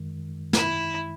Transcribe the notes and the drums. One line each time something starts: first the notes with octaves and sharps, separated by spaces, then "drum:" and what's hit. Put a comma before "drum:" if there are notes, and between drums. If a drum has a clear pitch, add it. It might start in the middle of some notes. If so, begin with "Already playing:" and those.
Already playing: F#2 D#3 G#3
E4, drum: snare